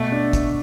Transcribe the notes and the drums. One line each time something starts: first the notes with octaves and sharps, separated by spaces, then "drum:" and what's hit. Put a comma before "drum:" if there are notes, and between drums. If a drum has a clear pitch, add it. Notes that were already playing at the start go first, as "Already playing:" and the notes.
Already playing: B2 A3
D4
drum: kick, hi-hat